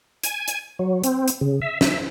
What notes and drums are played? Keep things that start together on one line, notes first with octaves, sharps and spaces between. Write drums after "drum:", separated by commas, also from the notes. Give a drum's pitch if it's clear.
G#5, drum: hi-hat
drum: hi-hat
F#3
C4, drum: hi-hat
drum: hi-hat
C#3
E5
E5, drum: snare